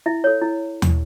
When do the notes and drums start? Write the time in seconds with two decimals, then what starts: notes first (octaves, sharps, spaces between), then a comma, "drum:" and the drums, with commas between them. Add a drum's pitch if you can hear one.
0.06 E4 E5
0.24 A4 C#5
0.42 E4
0.82 drum: tom